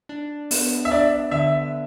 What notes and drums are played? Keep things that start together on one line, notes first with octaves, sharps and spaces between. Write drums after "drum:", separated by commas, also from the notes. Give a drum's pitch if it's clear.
D4
B3, drum: open hi-hat
E5
D4 D5
D3 E5